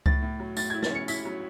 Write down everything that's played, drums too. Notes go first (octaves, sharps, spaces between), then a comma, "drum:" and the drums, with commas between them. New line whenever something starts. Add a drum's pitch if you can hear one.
A2 A6, drum: kick C#2
A2
F#3
A2 A6, drum: tambourine
E4 G#6
A6, drum: snare
C#4 C#7
E4 B6, drum: tambourine
F#3